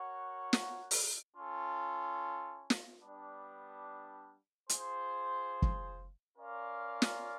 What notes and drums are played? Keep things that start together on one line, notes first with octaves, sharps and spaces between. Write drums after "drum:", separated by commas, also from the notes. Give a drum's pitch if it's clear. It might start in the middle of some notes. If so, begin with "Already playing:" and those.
Already playing: F#4 A#4 C#5 F#5
drum: snare
drum: open hi-hat
C#4 F4 A4
drum: snare
G3 B3 D4
F4 G#4 C5, drum: hi-hat
drum: kick
C#4 F4 A#4 D5 F5
drum: snare